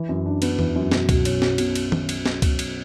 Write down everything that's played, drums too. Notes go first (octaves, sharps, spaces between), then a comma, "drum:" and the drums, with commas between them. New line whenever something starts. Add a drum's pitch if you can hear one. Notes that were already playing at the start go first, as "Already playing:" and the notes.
Already playing: E3
F#2
D4
B3, drum: cymbal
E3, drum: tom E2
F#2
B2, drum: snare
B1, drum: kick C#2, cymbal
C#4, drum: cymbal
F#3, drum: snare
B2, drum: cymbal
drum: cymbal
drum: tom D#3
drum: cymbal
drum: snare
drum: kick C#2, cymbal
drum: cymbal